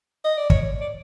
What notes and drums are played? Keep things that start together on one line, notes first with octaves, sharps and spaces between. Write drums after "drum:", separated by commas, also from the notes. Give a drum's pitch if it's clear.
D#5
D5
C#5, drum: kick
D5